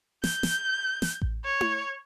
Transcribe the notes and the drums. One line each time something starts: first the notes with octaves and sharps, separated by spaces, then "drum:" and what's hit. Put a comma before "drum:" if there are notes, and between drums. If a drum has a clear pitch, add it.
G6, drum: snare
drum: snare
drum: snare
drum: kick A1
C#5
drum: tom E4